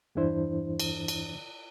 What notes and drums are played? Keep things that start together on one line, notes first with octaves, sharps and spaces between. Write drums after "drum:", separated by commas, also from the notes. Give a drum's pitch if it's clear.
E2 G2 E3 D4 E4 C5
drum: cymbal
drum: cymbal